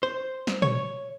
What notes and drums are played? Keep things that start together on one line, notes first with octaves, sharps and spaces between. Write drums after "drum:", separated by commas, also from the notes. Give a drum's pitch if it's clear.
C5
drum: snare
C#5, drum: tom A#2